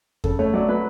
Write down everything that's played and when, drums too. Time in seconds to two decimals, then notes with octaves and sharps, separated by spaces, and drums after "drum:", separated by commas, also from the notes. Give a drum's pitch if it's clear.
0.24 C#3 A4, drum: kick E2
0.39 A3 C#5
0.53 F#3 D5
0.69 F#3 B4